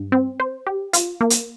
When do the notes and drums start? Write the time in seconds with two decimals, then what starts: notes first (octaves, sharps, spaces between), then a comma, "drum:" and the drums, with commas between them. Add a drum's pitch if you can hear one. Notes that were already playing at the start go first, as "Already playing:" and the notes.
Already playing: G2
0.12 C4
0.40 C5
0.67 G4
0.93 F4, drum: hi-hat
1.21 A#3
1.30 drum: hi-hat